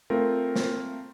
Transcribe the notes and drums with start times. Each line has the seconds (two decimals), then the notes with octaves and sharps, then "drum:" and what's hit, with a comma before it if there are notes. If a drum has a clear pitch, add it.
0.10 A3 C4 F4 A#4
0.56 drum: snare